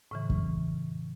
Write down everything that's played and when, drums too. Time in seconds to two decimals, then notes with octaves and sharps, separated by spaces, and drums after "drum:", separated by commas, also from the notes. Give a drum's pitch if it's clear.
0.11 A2 C#3 E3
0.30 drum: kick F2